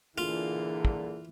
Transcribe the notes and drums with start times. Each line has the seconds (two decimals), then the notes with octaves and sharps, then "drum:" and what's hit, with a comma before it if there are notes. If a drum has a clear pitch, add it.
0.18 A#2 D3 E3 F4 G#4
0.85 drum: kick